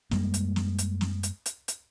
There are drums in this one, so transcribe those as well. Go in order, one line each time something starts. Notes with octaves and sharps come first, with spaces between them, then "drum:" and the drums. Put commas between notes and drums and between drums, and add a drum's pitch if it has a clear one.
F#2 G3 G#3 A#3, drum: snare
drum: hi-hat
drum: snare
drum: hi-hat
drum: snare
drum: hi-hat
drum: hi-hat
drum: hi-hat